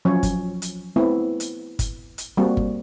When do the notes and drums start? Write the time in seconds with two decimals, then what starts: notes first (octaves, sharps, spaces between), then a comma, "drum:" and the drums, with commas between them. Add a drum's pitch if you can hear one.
0.05 F3 F#3 C#4 C#5
0.23 drum: kick G1, hi-hat
0.62 drum: hi-hat
0.96 A3 B3 C4 E4
1.40 drum: hi-hat
1.79 drum: kick G1, hi-hat
2.18 drum: hi-hat
2.37 G3 A#3 C4 F#4
2.57 drum: kick G1